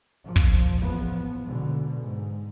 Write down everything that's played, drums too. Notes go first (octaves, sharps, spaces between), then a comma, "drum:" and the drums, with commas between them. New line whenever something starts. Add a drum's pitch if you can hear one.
A#2 F3
drum: kick
A1 E2 F3 B3
G#2 B2 D3
G#2